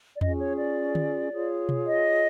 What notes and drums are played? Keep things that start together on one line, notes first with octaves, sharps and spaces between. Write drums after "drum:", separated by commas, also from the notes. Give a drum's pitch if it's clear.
D5
C#4 F4 G#4 D#5, drum: tom E2
C#5
D5
drum: tom D3
F4 G#4 C#5
drum: tom B2
D#5